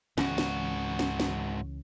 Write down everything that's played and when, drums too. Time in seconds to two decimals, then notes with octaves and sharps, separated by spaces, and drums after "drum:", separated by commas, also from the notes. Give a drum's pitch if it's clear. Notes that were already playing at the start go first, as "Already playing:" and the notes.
0.18 C#2 G#2 E3 C#4 F#4, drum: snare
0.38 drum: snare
0.99 drum: snare
1.20 drum: snare